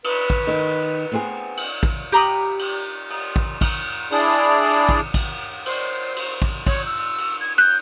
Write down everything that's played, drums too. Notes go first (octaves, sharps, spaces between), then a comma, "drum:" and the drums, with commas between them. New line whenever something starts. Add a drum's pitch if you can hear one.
B4, drum: cymbal
drum: kick
D#3
B3 C4 G#4
drum: cymbal
drum: kick
G4 A#5 B5 D#6
drum: cymbal
drum: cymbal
drum: kick
drum: kick, cymbal
D4 E4 G#4 D5, drum: cymbal
drum: cymbal
drum: kick
drum: kick, cymbal
C5, drum: cymbal
drum: cymbal
drum: kick
C#5, drum: kick, cymbal
E6
drum: cymbal
G#6
F#6 G6